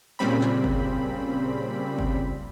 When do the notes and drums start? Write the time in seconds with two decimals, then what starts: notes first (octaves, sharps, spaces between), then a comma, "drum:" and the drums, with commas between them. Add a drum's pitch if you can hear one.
0.19 A#2 C#3 G3 C4 B5
0.42 drum: clap
0.64 drum: kick G1
1.99 drum: kick G1